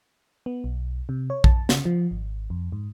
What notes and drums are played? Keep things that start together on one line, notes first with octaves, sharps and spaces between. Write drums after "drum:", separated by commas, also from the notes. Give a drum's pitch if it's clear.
B3
B1
C3
C#5
A5, drum: kick A#1
C#3, drum: snare
F3
G#1
F2
G#2